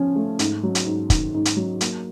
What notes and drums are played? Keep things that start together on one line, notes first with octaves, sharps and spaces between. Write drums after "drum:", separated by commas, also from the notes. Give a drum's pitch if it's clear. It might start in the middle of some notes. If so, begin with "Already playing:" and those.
Already playing: F3 C#4
A3
G#2, drum: hi-hat
F#3
drum: hi-hat
G#2
D#3, drum: kick, hi-hat
G#2
drum: hi-hat
F#3
A#3, drum: hi-hat